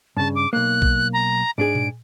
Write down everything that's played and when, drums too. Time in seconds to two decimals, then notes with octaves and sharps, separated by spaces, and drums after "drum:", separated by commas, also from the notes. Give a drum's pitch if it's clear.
0.17 G2 C#3 A5
0.35 D6
0.53 B1 A#3 F#6
0.82 drum: kick
1.13 A#5
1.58 G#2 D4 G#4 D7
1.75 drum: tom A#2